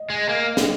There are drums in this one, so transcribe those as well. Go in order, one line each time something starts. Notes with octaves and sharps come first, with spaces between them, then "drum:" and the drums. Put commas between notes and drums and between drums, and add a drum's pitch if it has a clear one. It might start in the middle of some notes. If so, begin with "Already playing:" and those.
Already playing: D#5
G#3
A#3
drum: snare